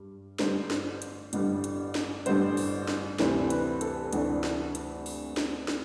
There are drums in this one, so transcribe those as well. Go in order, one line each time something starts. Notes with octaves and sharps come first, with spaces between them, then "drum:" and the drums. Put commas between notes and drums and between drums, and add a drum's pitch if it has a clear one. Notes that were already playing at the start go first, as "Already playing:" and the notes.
Already playing: G2 G3
A1 G2 D3 G3 C5, drum: snare
drum: snare
drum: hi-hat
A1 G2 D3 G3, drum: hi-hat
drum: hi-hat
drum: snare
A1 G2 D3 G3 C5, drum: hi-hat
drum: open hi-hat
drum: snare
D2 C3 E3 A3 D4 C5, drum: snare
B4, drum: hi-hat
A4, drum: hi-hat
D2 C3 E3 A3 D4, drum: hi-hat
drum: snare
drum: hi-hat
drum: open hi-hat
drum: snare
drum: snare